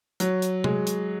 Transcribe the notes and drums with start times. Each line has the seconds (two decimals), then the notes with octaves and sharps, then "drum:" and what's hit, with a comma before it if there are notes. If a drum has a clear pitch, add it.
0.20 F#3, drum: hi-hat
0.42 drum: hi-hat
0.64 G#3, drum: tom C3
0.87 drum: hi-hat